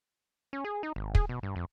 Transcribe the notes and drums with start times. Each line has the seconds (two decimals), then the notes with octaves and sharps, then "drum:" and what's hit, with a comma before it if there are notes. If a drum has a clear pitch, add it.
0.53 C#4
0.65 G#4
0.83 D#4
0.96 G#1
1.15 G#4, drum: kick
1.29 B2
1.43 G2
1.56 F2